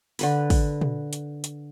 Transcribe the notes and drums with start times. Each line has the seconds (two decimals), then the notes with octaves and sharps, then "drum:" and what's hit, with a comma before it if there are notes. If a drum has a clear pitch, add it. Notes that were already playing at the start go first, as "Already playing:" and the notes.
0.19 D3 B4 B5, drum: open hi-hat
0.50 drum: kick, open hi-hat
0.81 drum: tom
1.13 drum: hi-hat
1.44 drum: hi-hat